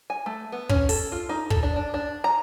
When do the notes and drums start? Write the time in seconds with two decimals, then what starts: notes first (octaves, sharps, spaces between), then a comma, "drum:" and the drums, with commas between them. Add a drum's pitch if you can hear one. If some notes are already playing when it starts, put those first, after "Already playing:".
0.10 G#5
0.26 A3
0.52 B3
0.69 C#4, drum: kick
0.89 A4, drum: open hi-hat
1.12 F4
1.29 D#4
1.50 A4, drum: kick
1.63 D4
1.76 D4
1.94 D4
2.24 A#5